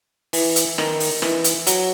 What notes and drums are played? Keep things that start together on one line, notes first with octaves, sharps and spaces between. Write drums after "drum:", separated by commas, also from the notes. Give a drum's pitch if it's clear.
E3, drum: open hi-hat
drum: hi-hat
D#3, drum: rim click
drum: open hi-hat
E3, drum: rim click
drum: hi-hat
F#3, drum: hi-hat